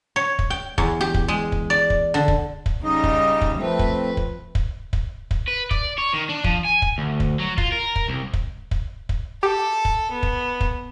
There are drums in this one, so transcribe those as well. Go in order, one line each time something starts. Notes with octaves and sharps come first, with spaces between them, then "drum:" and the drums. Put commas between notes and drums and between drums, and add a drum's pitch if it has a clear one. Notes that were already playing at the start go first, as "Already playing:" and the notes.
C#5
drum: kick
G5
E2, drum: kick
G4
drum: kick
G#3
drum: kick
D5
drum: kick
D3
drum: kick
drum: kick
C#3 G3 D#4 D#5
drum: kick
drum: kick
F3 A3 C4 B4
drum: kick
drum: kick
drum: kick
drum: kick
drum: kick
B4
D5, drum: kick
C#5
D#3
D4
F3, drum: kick
G#5
drum: kick
D2
drum: kick
F#3
F4, drum: kick
A#4
drum: kick
C2
drum: kick
drum: kick
drum: kick
G4 A4
drum: kick
B3
drum: kick
drum: kick